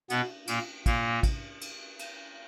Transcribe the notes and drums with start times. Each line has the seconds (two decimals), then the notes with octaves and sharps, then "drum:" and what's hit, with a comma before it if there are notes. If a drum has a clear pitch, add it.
0.10 B2 B3, drum: cymbal
0.47 A#2 A#3, drum: cymbal
0.86 A#2 A#3, drum: kick, cymbal
1.23 drum: kick, cymbal
1.61 drum: cymbal
1.99 drum: cymbal